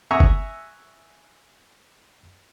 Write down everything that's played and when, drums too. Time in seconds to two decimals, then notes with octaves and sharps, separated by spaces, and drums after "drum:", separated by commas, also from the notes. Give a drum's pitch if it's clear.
0.11 E5 F#5 G#5 A#5 C#6 D#6
0.20 drum: kick G1